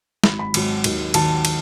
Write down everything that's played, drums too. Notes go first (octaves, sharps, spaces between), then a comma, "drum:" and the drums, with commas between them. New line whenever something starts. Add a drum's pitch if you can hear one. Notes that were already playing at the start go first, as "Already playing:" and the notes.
G#1 G#2 F#3 B5, drum: snare
B5
G#1 G#2 F#3, drum: cymbal
D#2 D#3 F#3, drum: cymbal
D#2 D#3 F#3 A5, drum: cymbal
drum: cymbal